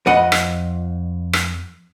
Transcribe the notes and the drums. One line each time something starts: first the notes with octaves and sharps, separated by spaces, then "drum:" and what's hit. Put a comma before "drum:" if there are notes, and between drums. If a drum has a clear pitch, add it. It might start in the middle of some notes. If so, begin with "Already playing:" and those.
F2 D#5 F#5 B5
drum: rim click
drum: rim click